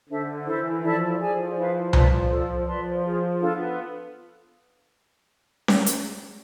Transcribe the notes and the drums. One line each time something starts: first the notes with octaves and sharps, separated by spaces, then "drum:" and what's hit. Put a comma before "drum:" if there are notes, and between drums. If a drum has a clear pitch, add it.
D3 D4 A4 C5 E5
E3 E4 A4 C5
F3 E4 A4 D5 A5
F3 G#4 D5 G#5
E4 B4 F5
F4 B4 D5 A5, drum: tom C2
F4 A4 D5
F3 B4 D5 A5 C6
F4 G#4 C5
B3 D4 F4 A4
drum: snare C#4
drum: hi-hat